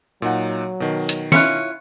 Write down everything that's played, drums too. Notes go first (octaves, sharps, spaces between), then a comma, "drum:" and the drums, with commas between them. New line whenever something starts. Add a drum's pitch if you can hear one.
A#2 F#3 D#4 F#5
B2 D#3
drum: hi-hat
C#4 E4 F4 F#6 C#7, drum: snare